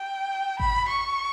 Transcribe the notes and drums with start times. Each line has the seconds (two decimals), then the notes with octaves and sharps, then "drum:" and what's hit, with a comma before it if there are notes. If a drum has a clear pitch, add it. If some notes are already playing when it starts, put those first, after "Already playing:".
Already playing: G5
0.60 B5, drum: kick G#1
0.89 C#6